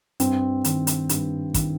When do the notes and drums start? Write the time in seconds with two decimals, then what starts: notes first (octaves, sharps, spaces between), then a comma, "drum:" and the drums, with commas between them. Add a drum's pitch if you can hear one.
0.20 G2 C4, drum: hi-hat
0.64 D#3, drum: hi-hat
0.87 drum: hi-hat
1.09 G2, drum: hi-hat
1.54 D#3, drum: kick, hi-hat